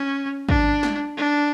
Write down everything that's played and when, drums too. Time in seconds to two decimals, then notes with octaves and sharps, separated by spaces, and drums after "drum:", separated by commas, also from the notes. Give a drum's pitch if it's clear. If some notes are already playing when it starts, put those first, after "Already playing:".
Already playing: C#4
0.49 D4, drum: kick
0.83 drum: snare
1.17 D4